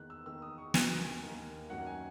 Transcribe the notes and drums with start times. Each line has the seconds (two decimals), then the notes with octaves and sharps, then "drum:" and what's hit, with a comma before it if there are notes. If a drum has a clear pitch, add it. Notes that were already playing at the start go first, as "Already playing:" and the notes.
Already playing: E2 D#3 A#3 F#6
0.10 E6
0.26 E2 D#3 A#3 E6
0.42 D#6
0.58 C#6
0.74 D#2 D#3 A#3 F#6, drum: snare
0.98 G#5
1.22 D#2 D#3 A#3
1.70 F#2 D#3 F#3 F#5
1.86 G#5